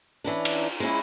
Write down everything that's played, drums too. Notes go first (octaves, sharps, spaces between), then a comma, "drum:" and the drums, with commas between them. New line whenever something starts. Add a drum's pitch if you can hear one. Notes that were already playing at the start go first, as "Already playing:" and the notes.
E3 C#4 D4
drum: cymbal
G#3 C#4 E4